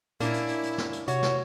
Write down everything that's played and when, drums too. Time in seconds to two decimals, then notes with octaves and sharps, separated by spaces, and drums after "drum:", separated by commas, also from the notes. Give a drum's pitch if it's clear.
0.20 A#2 A#3 C#4 D4 E4, drum: hi-hat
0.34 drum: hi-hat
0.48 drum: hi-hat
0.63 drum: hi-hat
0.78 drum: snare
0.93 drum: hi-hat
1.08 C3 F#4 C#5, drum: hi-hat
1.22 drum: snare